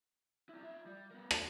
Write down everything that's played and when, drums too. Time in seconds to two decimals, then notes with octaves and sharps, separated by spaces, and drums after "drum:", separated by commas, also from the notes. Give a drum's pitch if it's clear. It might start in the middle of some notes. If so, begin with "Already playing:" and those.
0.49 C4 E4
0.63 F4 E5
0.86 G3
1.11 B3 A#4
1.31 F#2 D4, drum: rim click